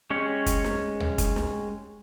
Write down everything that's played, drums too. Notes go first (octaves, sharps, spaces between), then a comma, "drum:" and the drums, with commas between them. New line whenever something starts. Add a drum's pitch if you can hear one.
G#3 C#4 G4 C#5
drum: kick, hi-hat
drum: snare
drum: tom C#2
drum: kick, hi-hat
drum: snare